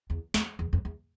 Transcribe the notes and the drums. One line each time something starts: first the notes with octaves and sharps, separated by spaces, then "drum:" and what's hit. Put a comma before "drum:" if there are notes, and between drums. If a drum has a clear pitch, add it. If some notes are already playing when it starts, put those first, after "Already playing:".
E2
F2, drum: snare
E2
F2
E2